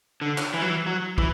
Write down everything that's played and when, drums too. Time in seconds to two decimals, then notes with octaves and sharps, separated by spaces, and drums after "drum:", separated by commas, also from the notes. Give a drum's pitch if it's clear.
0.21 D3
0.38 drum: clap
0.54 E3
0.62 F#3
0.69 E3
0.86 F#3
1.18 E3, drum: kick